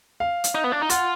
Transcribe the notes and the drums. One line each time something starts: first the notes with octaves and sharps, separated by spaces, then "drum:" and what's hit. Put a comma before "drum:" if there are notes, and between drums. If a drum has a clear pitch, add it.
F5
drum: hi-hat
D#4
B3
D4
D#4
F4 F#5, drum: hi-hat